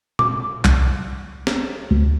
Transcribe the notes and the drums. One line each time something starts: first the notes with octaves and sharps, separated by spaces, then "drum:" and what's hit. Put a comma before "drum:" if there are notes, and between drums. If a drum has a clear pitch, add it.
D6, drum: tom A#2
C2, drum: clap
drum: snare
D2